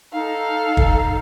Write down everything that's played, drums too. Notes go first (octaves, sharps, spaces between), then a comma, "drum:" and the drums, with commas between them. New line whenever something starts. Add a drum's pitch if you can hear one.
D#4 A4 F5
D#4
drum: kick